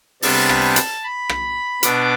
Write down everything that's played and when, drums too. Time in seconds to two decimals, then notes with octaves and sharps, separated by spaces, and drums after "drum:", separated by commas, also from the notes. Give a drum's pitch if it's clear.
0.22 C3 G3 B3 D4 A5, drum: open hi-hat
0.49 drum: rim click
0.76 drum: hi-hat
1.03 B5
1.29 drum: rim click
1.83 B2 B3 D4 D6, drum: hi-hat